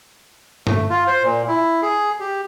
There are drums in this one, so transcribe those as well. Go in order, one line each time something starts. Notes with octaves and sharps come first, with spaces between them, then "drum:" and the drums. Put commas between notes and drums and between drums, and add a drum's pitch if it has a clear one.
A3, drum: tom G2
F4
C5
A#2
E4
G#4
G4